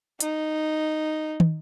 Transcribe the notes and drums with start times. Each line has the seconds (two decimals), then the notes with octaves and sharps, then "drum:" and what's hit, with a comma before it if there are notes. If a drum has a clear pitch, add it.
0.20 D#4, drum: hi-hat
1.40 drum: tom